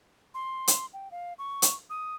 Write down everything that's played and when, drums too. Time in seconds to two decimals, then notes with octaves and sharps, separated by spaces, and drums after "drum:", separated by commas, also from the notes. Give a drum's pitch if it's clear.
0.34 C6
0.68 drum: hi-hat
0.93 G5
1.11 F5
1.38 C#6
1.62 drum: hi-hat
1.90 D#6